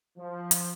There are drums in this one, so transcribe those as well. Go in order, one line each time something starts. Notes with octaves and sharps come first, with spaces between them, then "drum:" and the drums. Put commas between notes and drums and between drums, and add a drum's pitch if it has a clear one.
F3
drum: hi-hat